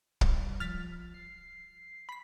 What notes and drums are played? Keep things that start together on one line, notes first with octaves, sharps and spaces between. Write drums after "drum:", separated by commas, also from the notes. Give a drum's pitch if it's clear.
G3, drum: kick
F3 F6 A6 B6
C7
B5 B6